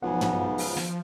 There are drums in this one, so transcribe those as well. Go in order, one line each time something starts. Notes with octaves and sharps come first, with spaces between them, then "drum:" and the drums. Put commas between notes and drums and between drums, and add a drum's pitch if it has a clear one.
B1 G#2 C#3 F3 B3 F#5 G#5
drum: tom
drum: open hi-hat
drum: snare